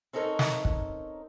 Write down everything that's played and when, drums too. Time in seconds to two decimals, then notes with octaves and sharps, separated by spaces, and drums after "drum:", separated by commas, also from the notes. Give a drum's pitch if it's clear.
0.13 C4 C#4 D#4 A4 A#4 C#5
0.39 drum: snare
0.65 drum: kick